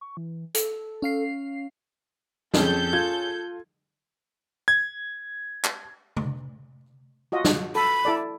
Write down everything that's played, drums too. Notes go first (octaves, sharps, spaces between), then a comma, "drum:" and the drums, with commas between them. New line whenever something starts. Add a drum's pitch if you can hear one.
C#6
E3
A4, drum: hi-hat
C#4 F5 C7
F2 C#4 G#4 A4 G6, drum: snare
F4 G#6
G#6
drum: clap
drum: tom C3
F4 F#4 D#5
drum: snare
A4 B5
E4 A4 D5